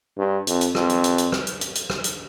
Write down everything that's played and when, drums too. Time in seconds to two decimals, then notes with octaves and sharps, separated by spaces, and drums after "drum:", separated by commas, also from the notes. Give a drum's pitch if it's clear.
0.18 G2
0.47 F2, drum: hi-hat
0.61 drum: hi-hat
0.75 F2, drum: rim click
0.90 drum: hi-hat
1.04 drum: hi-hat
1.18 drum: hi-hat
1.32 drum: rim click
1.47 drum: hi-hat
1.61 drum: hi-hat
1.75 drum: hi-hat
1.90 drum: rim click
2.04 drum: hi-hat